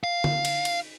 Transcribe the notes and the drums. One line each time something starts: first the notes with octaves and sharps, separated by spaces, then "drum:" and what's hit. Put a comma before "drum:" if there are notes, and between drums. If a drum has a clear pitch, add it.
F5
drum: tom D3
drum: cymbal
drum: cymbal